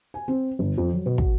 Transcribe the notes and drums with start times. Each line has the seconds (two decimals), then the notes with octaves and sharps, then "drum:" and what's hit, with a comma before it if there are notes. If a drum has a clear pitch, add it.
0.14 G#5
0.28 C4
0.59 G1
0.78 F2
0.93 F#3
1.06 B2
1.18 F#4, drum: kick